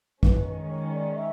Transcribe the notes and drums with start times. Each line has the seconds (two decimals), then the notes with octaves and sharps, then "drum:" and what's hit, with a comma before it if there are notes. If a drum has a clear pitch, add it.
0.23 D#3 G#3 C#4 B4, drum: kick
0.69 C#5
0.92 D5
1.15 E5